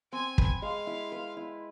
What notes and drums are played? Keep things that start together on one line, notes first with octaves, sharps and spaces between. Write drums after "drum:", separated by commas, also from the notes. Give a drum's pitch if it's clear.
C4 G#5
B4, drum: kick
G#3 F5
E4
B4
E4